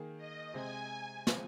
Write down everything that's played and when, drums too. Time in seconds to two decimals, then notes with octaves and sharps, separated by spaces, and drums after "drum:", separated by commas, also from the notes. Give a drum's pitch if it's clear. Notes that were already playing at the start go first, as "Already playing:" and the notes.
Already playing: D#3 A#3 G#4
0.17 D#5
0.53 C3 G#3 C4 G#5
1.27 F3 G#3 C4, drum: snare